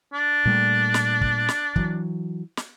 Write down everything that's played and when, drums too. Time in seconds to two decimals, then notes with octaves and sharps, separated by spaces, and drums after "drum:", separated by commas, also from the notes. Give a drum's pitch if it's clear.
0.13 D4
0.45 A#2 G3 A3
0.94 drum: snare
1.21 drum: kick
1.49 drum: snare
1.76 E3 F#3, drum: kick
2.57 drum: snare